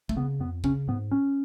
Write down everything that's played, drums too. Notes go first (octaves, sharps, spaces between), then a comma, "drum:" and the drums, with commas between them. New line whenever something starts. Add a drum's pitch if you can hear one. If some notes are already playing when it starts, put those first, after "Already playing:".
A3, drum: kick
C#3 B3
F2 B3
C#3 C#4, drum: kick
G#2 B3
C#4